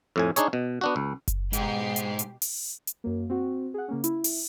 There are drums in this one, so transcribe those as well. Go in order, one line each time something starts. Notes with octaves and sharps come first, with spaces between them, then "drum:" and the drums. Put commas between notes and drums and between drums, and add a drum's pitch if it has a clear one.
F2 A2 G#5
D4 D#4 G#4 C#5, drum: hi-hat
B2
B3 D4 F#4
C#2
drum: kick F#1, hi-hat
G#2 B2 G4 C7, drum: hi-hat
drum: hi-hat
drum: hi-hat
drum: open hi-hat
drum: hi-hat
F#2 F#3 A#3
C4 F#4
G#4 F#5
C#3 A#3 C#4
E4, drum: hi-hat
drum: open hi-hat